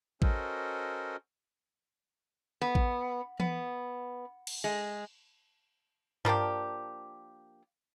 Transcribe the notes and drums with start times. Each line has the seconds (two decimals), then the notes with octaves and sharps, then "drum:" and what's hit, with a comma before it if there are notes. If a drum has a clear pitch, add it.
0.22 C#4 F#4 A4 A#4 C5 D#5, drum: kick A1
2.62 B3
2.75 drum: kick A1
3.40 B3, drum: tom E3
4.47 drum: cymbal
4.64 G#3
6.25 F3 A#3 D4 G4, drum: tom G2